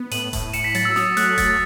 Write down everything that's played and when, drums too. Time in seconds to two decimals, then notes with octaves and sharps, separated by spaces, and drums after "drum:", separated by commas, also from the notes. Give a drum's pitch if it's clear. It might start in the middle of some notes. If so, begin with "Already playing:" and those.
Already playing: B3
0.11 A2 D#7 F#7, drum: hi-hat
0.33 A2, drum: kick D#1, hi-hat
0.53 A2 C#7 E7, drum: open hi-hat
0.64 B6
0.75 F#3 A6 C#7, drum: hi-hat
0.85 E6
0.96 F#3 D#6, drum: snare
1.17 A3 F#6, drum: hi-hat
1.38 F#3 A6, drum: kick D#1, hi-hat